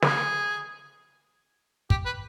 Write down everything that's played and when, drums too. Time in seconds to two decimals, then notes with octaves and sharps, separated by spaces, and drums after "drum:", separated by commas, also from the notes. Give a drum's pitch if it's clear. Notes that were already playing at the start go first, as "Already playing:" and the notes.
0.02 G#4, drum: snare
1.90 G4, drum: kick
2.05 B4